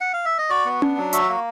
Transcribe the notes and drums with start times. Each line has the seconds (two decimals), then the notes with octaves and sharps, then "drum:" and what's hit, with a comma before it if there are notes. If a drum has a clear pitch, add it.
0.00 F#5
0.13 F5
0.25 E5
0.38 D#5
0.50 F#4 D5
0.65 B3
0.82 D4, drum: tom C#4
0.97 F#3
1.13 F#4 E5, drum: hi-hat
1.28 A#3